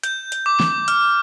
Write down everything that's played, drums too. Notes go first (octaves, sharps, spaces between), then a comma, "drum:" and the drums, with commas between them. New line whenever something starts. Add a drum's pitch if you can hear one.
G6, drum: hi-hat
drum: hi-hat
D6
drum: snare
F6, drum: hi-hat